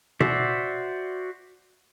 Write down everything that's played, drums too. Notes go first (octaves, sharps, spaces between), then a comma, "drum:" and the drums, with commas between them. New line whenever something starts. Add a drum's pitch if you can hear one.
F#4 C5 D5 E5, drum: tom B2